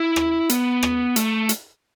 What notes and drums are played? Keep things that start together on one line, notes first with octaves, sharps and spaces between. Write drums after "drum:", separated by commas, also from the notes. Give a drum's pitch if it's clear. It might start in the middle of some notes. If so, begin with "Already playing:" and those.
Already playing: E4
drum: rim click
B3, drum: hi-hat
drum: rim click
A3, drum: hi-hat
drum: hi-hat